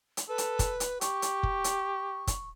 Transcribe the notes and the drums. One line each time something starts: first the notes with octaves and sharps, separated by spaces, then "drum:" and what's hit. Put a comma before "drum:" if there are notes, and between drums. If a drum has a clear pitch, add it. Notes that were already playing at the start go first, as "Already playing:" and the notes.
drum: hi-hat
A4 B4
drum: hi-hat
drum: kick, hi-hat
drum: hi-hat
G4 C#6, drum: hi-hat
drum: hi-hat
drum: kick
drum: hi-hat
drum: kick, hi-hat